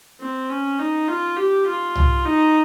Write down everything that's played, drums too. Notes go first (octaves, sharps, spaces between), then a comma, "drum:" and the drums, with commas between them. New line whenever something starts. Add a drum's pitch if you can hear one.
C4
C#4
D#4
F4
G4
F4
drum: tom C2
D#4